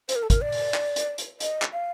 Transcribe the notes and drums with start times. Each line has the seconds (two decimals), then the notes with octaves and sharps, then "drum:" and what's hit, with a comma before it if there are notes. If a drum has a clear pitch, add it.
0.09 C5, drum: hi-hat
0.16 A#4
0.23 A4
0.30 A#4, drum: kick, hi-hat
0.41 D5
0.52 drum: open hi-hat
0.74 drum: clap
0.96 drum: hi-hat
1.18 drum: hi-hat
1.40 D#5, drum: hi-hat
1.62 drum: clap
1.73 F5